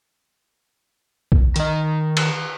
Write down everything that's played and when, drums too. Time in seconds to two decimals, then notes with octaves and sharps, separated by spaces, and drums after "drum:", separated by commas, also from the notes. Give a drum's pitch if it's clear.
1.32 drum: kick B1
1.56 D#3 D#5, drum: hi-hat
2.17 drum: cymbal